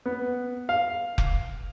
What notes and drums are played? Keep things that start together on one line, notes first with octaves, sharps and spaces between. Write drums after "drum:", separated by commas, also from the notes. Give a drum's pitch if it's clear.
B3
F5
drum: kick F1